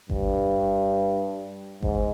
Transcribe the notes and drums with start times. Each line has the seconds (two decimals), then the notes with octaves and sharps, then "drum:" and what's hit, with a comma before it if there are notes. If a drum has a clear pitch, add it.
0.10 G2, drum: kick G1
1.83 G#2, drum: kick G1